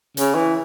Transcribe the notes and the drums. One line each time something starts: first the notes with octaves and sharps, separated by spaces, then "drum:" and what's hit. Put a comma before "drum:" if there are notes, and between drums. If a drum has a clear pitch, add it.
C#3, drum: hi-hat
E3